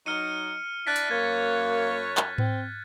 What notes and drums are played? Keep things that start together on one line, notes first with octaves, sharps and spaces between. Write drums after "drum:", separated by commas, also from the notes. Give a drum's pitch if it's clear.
F#3 D#4 F6 C#7 D#7
D4 E4 F#6 A6 B6
drum: hi-hat
F#2 A#3 C#5 G#6
drum: clap
C4, drum: tom G#2